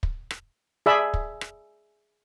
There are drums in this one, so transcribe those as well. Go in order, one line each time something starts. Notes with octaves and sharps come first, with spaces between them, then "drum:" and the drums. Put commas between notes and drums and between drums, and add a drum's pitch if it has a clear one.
drum: kick
drum: rim click
G#4 D5 E5 B5
drum: kick
drum: rim click